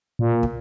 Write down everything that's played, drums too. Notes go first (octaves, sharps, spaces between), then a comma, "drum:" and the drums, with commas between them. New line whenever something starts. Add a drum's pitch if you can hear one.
A#2
drum: kick